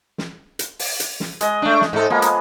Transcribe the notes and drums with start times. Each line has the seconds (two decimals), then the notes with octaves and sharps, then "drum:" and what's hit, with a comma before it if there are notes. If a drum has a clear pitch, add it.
0.18 drum: snare
0.59 drum: hi-hat
0.79 drum: open hi-hat
1.00 drum: hi-hat
1.20 drum: snare
1.41 G#3 D#5, drum: hi-hat
1.62 A3 D4
1.81 drum: snare
1.93 G#2 A4
2.10 F3 G#3 A#3 B3
2.22 drum: hi-hat